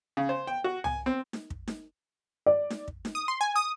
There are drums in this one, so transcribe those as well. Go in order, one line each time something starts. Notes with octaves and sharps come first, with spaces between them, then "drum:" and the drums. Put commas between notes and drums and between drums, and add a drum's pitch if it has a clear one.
C#3
C5
G5
F#4
G#5, drum: tom
C4
drum: snare D#4
drum: kick
drum: snare D#4
D5
drum: snare D#4
drum: kick
drum: snare D#4
D#6
C6
G#5
D#6